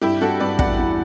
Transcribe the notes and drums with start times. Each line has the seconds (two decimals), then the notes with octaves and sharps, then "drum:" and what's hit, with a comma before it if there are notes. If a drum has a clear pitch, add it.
0.01 G2 E4 G4
0.20 G2 F#4 A4
0.40 G2 B4 D5
0.59 E2 D5 F#5, drum: kick
0.78 E2